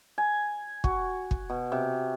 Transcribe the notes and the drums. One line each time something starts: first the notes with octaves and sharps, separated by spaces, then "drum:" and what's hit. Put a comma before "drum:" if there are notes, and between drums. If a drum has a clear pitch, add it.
G#5
F#4, drum: kick
drum: kick
B2
C3